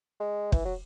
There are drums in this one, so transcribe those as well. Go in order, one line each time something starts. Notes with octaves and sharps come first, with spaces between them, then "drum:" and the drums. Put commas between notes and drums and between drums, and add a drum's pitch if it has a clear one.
G#3
E3, drum: kick
F#3